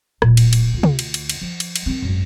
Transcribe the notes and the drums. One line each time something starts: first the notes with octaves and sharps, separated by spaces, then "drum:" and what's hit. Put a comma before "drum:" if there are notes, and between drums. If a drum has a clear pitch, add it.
D1 A#2, drum: rim click
drum: cymbal
drum: cymbal
D2 F4
drum: tom
drum: cymbal
drum: cymbal
drum: cymbal
F3
drum: cymbal
drum: cymbal
D#3 C4
G#1 F#2